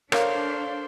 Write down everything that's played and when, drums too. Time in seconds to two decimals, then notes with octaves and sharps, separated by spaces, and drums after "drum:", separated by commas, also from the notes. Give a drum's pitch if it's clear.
0.12 D4 A4 A#4 C5 C#5 F5, drum: rim click